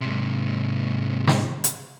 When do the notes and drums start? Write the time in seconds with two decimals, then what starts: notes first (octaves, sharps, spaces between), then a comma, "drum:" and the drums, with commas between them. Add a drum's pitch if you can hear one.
0.01 G#2 C3
1.27 drum: snare
1.64 drum: hi-hat